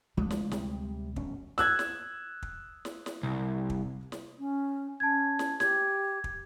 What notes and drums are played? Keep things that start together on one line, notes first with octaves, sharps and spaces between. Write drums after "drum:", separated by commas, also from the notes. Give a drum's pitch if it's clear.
D2 F3 G#3 D4
drum: snare
C3 G3, drum: snare
E1 F#2 C#4, drum: kick
E6 F#6 G#6, drum: snare
drum: snare
drum: kick
drum: snare
drum: snare
C2
drum: kick
drum: snare
C#4
C#4 A5 G#6
drum: snare
G4 G#6, drum: snare
drum: kick